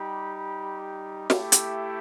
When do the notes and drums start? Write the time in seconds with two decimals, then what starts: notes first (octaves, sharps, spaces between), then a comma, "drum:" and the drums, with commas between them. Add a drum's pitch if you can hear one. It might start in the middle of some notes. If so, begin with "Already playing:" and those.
Already playing: G3 D#4 G4 B5
0.35 B5
1.30 A3 E4 G4, drum: snare
1.52 drum: hi-hat